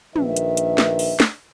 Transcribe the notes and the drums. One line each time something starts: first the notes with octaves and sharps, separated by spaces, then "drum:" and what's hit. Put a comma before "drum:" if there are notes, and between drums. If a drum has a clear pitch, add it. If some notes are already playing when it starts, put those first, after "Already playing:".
A#1 D#3 B4 E5, drum: tom
drum: hi-hat
drum: hi-hat
drum: snare
drum: open hi-hat
drum: snare